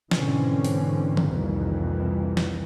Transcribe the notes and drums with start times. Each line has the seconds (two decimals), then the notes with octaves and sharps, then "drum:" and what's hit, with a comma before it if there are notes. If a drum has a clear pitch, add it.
0.11 G#2 B2 D3 E3 C4 C#4, drum: snare
0.64 drum: open hi-hat
1.17 drum: tom D#3
1.28 C2 F2 A#2 D#3 E3 G3
2.37 drum: snare